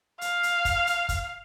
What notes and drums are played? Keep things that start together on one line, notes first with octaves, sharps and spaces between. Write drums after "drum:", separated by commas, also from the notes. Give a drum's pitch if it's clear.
F5, drum: hi-hat
drum: hi-hat
drum: kick, hi-hat
drum: hi-hat
drum: kick, hi-hat